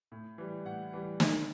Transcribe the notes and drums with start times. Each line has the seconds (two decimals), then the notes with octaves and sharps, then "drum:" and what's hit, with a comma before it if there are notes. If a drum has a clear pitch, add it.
0.12 A2
0.38 E3 G3
0.65 A2 F#5
0.93 E3 G3
1.20 D3, drum: snare